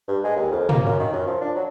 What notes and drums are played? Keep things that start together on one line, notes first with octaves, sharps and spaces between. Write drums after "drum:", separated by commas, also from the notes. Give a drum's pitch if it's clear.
G2
G#3
D#2
F2
A#3, drum: tom
F#2
D#3
F#2
F3
D4
F#3